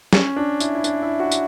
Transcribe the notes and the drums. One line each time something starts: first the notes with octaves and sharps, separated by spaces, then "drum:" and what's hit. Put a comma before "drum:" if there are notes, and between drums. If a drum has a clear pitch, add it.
C#4, drum: snare
D4
E4, drum: tambourine
E4
D4, drum: tambourine
E4
F#4
drum: tambourine